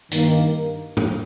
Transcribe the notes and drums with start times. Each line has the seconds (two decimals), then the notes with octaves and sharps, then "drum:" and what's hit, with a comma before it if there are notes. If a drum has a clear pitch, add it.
0.11 G2 D#3 A#3, drum: hi-hat
0.97 drum: tom